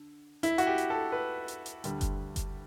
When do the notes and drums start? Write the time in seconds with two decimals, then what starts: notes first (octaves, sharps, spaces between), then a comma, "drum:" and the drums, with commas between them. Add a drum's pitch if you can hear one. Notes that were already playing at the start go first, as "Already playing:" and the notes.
Already playing: D3
0.43 E4, drum: hi-hat
0.58 F#4, drum: hi-hat
0.67 G4
0.78 drum: hi-hat
0.90 A4
1.12 B4
1.48 drum: hi-hat
1.66 drum: hi-hat
1.84 D2 D3 G3, drum: hi-hat
2.01 drum: kick F#1, hi-hat
2.36 drum: kick F#1, hi-hat